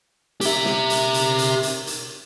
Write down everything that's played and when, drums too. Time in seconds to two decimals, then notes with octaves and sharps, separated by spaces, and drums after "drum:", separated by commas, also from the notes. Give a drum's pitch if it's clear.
0.41 G4 E5, drum: hi-hat
0.65 drum: snare
0.90 drum: hi-hat
1.14 drum: hi-hat
1.38 drum: hi-hat
1.63 drum: hi-hat
1.87 drum: hi-hat